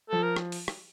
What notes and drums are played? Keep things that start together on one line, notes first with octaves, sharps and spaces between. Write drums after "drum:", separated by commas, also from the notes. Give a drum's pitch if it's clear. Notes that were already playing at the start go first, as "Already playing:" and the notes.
F3 A4
A#4
drum: rim click
drum: open hi-hat
drum: rim click